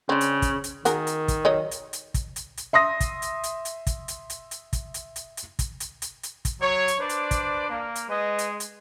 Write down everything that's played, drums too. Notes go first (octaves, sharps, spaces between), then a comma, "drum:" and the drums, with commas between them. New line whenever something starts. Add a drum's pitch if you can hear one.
C#3 C4 D4
drum: hi-hat
drum: kick, hi-hat
drum: hi-hat
D#3 F#4 G#4 A#4, drum: hi-hat
drum: hi-hat
drum: kick, hi-hat
F#3 C#5 D#5
drum: hi-hat
drum: hi-hat
drum: kick, hi-hat
drum: hi-hat
drum: hi-hat
E5 C6 D#6 A#6
drum: kick, hi-hat
drum: hi-hat
drum: hi-hat
drum: hi-hat
drum: kick, hi-hat
drum: hi-hat
drum: hi-hat
drum: hi-hat
drum: kick, hi-hat
drum: hi-hat
drum: hi-hat
drum: hi-hat
drum: kick, hi-hat
drum: hi-hat
drum: hi-hat
drum: hi-hat
drum: kick, hi-hat
F#3 C#5
drum: hi-hat
D4 B4 C5 D5
drum: hi-hat
drum: kick, hi-hat
A#3
drum: hi-hat
G#3 G#4 B4 D#5
drum: hi-hat
drum: hi-hat